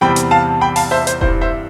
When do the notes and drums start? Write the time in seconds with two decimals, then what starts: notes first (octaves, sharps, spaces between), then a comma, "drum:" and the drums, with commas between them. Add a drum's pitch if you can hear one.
0.01 E2 C3 E3 G3 C4 G5 B5
0.16 drum: hi-hat
0.31 F5 A5
0.61 G5 B5
0.76 F5 A5, drum: open hi-hat
0.91 C5 E5
1.07 C5, drum: hi-hat
1.21 G2 E3 G3 C4 C5, drum: kick E1
1.41 C5 E5